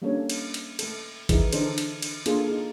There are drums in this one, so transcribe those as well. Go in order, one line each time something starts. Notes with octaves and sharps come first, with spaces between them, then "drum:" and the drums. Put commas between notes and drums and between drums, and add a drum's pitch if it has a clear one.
G3 A#3 C#4 D4 A4 C#5
drum: cymbal
drum: cymbal
A3 A4, drum: cymbal
E3 D#4 E4 G#4 A#4, drum: kick G#1, cymbal
D3 D4 D#4 A4 C5, drum: cymbal
drum: cymbal
drum: cymbal
A#3 D4 F4 G#4 A4, drum: cymbal
D#4 G#4